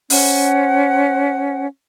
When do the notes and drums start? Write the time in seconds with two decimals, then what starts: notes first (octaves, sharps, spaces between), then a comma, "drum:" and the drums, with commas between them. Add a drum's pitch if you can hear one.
0.10 C#4 C5 F#5, drum: open hi-hat